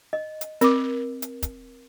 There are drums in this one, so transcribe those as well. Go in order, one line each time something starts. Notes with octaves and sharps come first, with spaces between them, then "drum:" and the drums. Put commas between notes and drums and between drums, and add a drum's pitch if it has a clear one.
D#5
drum: hi-hat
C4 A#4 D6, drum: hi-hat
drum: hi-hat
drum: kick, hi-hat